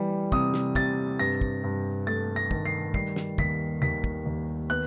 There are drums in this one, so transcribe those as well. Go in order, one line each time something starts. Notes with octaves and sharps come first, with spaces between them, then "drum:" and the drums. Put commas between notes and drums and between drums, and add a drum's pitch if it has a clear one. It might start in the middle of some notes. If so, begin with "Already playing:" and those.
Already playing: E3 G3
C3 D#6, drum: kick
drum: snare
C3 A6, drum: kick
G2 A#6
drum: kick
G2
A3 A6
A#6
D#3, drum: kick
C7
G3 C7, drum: kick
drum: snare
D#2 B6, drum: kick
D#2 B6
drum: kick
D#2
B3 F#6